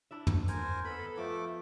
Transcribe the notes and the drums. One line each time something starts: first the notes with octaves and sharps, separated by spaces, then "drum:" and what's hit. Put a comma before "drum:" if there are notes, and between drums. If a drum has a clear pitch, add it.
D4 E4 E5
drum: tom
A#4 C5 G#5, drum: hi-hat
B3 A4 B4 D#5 B5
F3 A3 D6